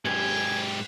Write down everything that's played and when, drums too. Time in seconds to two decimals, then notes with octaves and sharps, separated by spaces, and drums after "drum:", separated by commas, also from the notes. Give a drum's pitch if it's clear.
0.05 G#2 G4 G#5, drum: cymbal